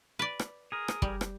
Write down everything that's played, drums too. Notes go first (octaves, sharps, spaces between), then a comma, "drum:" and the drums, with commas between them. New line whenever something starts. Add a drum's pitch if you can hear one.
B4 D5
drum: rim click
G#4 A#4
drum: rim click
G3, drum: kick
drum: rim click